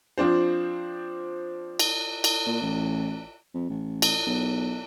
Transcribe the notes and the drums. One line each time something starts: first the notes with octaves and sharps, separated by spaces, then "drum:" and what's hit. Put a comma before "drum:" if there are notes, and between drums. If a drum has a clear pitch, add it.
F3 C4 D4 C5
drum: cymbal
drum: cymbal
A#2
A1
F2
A1
drum: cymbal
B1